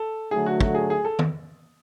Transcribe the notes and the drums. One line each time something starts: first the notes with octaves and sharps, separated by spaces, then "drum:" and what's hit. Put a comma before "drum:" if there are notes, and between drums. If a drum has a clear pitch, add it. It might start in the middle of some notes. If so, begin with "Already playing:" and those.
Already playing: A4
D3 F#3 A3 G#4
F#4
F#4, drum: kick
G#4
G#4
A4
drum: tom D#3